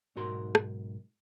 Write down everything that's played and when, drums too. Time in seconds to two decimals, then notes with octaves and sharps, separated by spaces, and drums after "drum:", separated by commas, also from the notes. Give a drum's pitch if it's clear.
0.16 B1 G#2 F#4 A#4 C6
0.55 drum: rim click